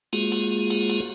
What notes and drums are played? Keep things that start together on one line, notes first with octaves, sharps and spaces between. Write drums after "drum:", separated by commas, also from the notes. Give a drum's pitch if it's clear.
G#3 A#3 F4 F#4 G#4, drum: cymbal
drum: cymbal
drum: cymbal
drum: cymbal